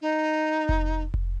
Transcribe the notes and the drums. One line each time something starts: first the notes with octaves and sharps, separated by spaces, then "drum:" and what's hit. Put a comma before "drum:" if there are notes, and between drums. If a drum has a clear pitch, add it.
D#4
drum: kick F1
drum: kick F1